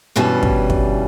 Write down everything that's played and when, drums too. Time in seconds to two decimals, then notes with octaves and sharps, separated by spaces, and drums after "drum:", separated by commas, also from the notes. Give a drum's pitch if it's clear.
0.16 G2 B2 E3 G3 C#4
0.43 drum: kick
0.70 drum: kick